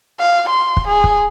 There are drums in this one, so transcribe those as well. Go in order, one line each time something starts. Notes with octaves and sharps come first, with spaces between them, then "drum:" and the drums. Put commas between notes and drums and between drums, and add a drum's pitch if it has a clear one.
F5
C6
drum: kick
G#4
drum: kick